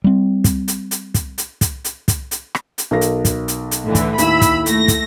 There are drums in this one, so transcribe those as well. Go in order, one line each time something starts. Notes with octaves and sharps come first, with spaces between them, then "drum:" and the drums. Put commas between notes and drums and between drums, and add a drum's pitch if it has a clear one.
G3 C4
drum: kick, hi-hat
drum: hi-hat
drum: hi-hat
drum: kick, hi-hat
drum: hi-hat
drum: kick, hi-hat
drum: hi-hat
drum: kick, hi-hat
drum: hi-hat
drum: rim click
drum: hi-hat
B1 A#4 A#6
drum: hi-hat
drum: kick, hi-hat
drum: hi-hat
drum: hi-hat
A2 D3 E3
drum: kick, hi-hat
D#2 E4 B5 E6, drum: hi-hat
drum: kick, hi-hat
A3 A#6, drum: hi-hat
drum: kick, hi-hat